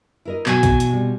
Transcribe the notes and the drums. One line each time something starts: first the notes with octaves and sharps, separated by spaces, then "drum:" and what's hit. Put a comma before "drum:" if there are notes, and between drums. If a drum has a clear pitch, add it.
E4 A#4 D#5
B2 E3 F#3 G#5, drum: clap
drum: kick A#1, hi-hat
drum: hi-hat
C3 G3